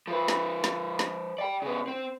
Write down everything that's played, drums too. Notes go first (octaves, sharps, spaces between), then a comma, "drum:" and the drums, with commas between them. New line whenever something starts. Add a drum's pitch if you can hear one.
F3 B4
drum: snare
drum: snare
drum: snare
D5 G5
C#3 B3
C4